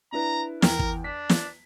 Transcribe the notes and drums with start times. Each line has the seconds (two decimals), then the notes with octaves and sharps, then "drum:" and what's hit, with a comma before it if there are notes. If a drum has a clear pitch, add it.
0.12 D4 E4 B4 A#5
0.62 E2 A#4 G5, drum: snare
0.79 drum: kick
1.04 D4 B6
1.30 drum: snare